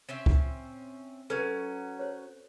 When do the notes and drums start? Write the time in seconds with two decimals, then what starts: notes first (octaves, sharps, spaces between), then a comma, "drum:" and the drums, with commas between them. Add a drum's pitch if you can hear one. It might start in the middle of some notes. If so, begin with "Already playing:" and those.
0.09 C4 C#4 E5
0.26 drum: kick C#2
1.30 F#3 C#4 A4 B4
1.99 C5 C#5